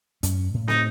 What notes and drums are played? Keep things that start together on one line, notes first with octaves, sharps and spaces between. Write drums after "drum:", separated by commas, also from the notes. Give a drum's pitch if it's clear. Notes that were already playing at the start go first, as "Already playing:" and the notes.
F#2 C#4, drum: hi-hat
A2
D#4, drum: snare